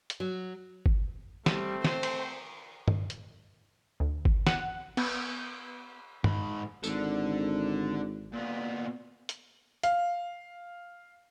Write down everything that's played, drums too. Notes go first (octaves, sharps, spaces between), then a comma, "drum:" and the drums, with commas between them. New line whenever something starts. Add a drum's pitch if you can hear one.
drum: hi-hat
F#3
drum: kick G1
G3 A3 C4, drum: snare
C5, drum: snare
drum: cymbal
drum: tom G2
drum: hi-hat
D2
drum: kick G1
F#5, drum: snare
B3, drum: cymbal
G#2 B5, drum: tom G2
G#1 D4 A4, drum: tambourine
A#2 B3
drum: hi-hat
F5, drum: hi-hat